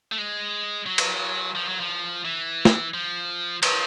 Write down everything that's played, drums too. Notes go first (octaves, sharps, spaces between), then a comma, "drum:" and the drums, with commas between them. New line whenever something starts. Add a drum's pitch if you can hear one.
A3
G#3
F#3
drum: cymbal
F3
F#3
F3
E3
drum: snare
F3
F3, drum: cymbal